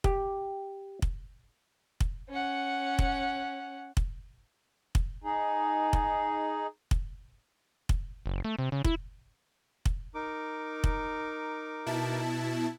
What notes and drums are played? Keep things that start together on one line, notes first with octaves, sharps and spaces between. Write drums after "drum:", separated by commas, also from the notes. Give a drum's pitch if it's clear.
G4, drum: kick
drum: kick
drum: kick
C#4 F#5
drum: kick
drum: kick
drum: kick
D#4 G#4
drum: kick
drum: kick
drum: kick
F#1
A3
C3
C#3
E4, drum: kick
drum: kick
D#4 A#4 D6
drum: kick
B2 E4 A5